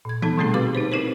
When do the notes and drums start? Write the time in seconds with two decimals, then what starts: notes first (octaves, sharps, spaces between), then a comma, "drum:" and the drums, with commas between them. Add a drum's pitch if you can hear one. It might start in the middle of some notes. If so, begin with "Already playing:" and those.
0.05 A#2 G#6
0.22 B3 D#4 A4 A5 B5, drum: tom E3
0.38 B2 D3 G3 A3 C4 G#4
0.53 F#4 G4 B4 F5 B5 D6
0.75 D#4 B4 C5
0.92 C4 D#4 E4 G4 A#4 C5